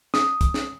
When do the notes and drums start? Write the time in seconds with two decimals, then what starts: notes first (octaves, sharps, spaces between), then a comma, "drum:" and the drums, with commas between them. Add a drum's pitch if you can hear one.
0.14 D#6, drum: snare
0.41 drum: kick, hi-hat
0.54 drum: snare